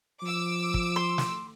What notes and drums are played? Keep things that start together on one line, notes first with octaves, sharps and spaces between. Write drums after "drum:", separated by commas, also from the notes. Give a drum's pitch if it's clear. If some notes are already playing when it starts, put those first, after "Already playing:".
F3 D6 E6
drum: kick
C6
drum: snare